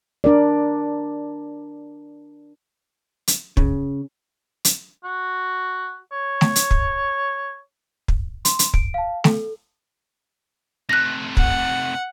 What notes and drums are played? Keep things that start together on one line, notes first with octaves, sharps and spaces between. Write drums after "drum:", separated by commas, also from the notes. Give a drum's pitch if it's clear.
D4 A#4 D5
drum: hi-hat
C#3, drum: kick
drum: hi-hat
F#4
C#5
drum: snare A3
drum: hi-hat
drum: kick
drum: kick
C6, drum: hi-hat
drum: hi-hat
D7, drum: kick
F5 A5
A4, drum: snare A3
C3 A3 F#6 A#6
F#5, drum: kick